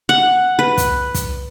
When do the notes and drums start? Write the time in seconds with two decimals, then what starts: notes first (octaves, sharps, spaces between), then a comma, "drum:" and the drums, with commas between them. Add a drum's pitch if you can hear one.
0.09 F#5
0.59 B4
0.77 drum: kick, hi-hat
1.14 drum: kick, hi-hat